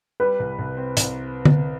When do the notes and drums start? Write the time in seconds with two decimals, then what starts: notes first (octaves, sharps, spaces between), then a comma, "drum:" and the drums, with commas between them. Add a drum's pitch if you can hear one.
0.20 G3 B4
0.40 C2
0.59 C2
0.77 C4
0.97 C2, drum: hi-hat
1.45 drum: tom D3